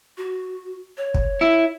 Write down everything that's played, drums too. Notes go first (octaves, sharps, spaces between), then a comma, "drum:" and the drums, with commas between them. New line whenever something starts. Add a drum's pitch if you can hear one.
F#4
C#5
drum: kick
E4